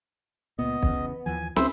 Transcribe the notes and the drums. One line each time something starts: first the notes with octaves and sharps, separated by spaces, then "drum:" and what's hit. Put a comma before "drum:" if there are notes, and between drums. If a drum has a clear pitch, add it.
C#2 A#2 B3 D#5
E2 C#3, drum: kick B1
D#2 E3 F3 G#5
C#2 C#4 C5 E5 B5, drum: snare